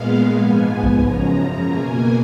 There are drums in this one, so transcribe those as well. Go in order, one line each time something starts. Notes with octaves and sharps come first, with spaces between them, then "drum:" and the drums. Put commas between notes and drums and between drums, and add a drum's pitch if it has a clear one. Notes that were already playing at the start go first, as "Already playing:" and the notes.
Already playing: A#2 G#3 B3 F5
G#2 F3 B3 G#5
drum: kick
F#2 C#3 F3 A#5, drum: kick
B2 A#3 G#5